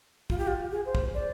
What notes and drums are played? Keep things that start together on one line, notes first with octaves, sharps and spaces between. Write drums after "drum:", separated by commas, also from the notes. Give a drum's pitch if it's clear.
F4, drum: kick
G4
F4
G#4
C5
drum: kick
D5